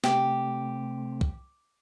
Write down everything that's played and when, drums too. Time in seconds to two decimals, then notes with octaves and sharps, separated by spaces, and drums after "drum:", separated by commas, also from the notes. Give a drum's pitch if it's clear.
0.04 C3 A3 C4 G4, drum: snare
1.21 drum: kick